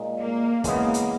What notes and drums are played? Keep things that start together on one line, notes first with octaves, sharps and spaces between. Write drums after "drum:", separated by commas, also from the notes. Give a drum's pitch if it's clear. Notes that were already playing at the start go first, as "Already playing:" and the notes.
Already playing: A#2 G#3 D#4
A#3
C#3 E3 G#3 A#3 B3, drum: kick, hi-hat
drum: hi-hat